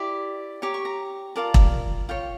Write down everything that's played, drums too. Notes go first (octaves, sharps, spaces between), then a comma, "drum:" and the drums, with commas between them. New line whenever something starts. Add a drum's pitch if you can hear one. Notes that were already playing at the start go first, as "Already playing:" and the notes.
Already playing: E4 G4 D5
G4 C#5 A#5
C#6
A#5
F4 A#4 D5 A5
drum: kick E1
F4 C#5 G5